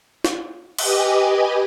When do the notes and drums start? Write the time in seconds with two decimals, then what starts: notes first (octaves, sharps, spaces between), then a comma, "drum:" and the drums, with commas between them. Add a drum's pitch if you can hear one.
0.24 drum: snare
0.79 G4 B4 D#5 G#5 D6 D#6, drum: cymbal